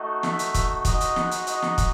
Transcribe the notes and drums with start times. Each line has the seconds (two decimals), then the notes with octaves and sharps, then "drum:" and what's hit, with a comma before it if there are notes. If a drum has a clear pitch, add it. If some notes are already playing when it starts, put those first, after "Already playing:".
Already playing: A3 D#4 F#4
0.23 E5, drum: snare
0.39 drum: hi-hat
0.54 drum: kick, hi-hat
0.85 G#3 D#4 F#4 D#5, drum: kick, hi-hat
1.01 drum: hi-hat
1.16 drum: snare
1.32 drum: hi-hat
1.47 D#5, drum: hi-hat
1.62 drum: snare
1.78 drum: kick, hi-hat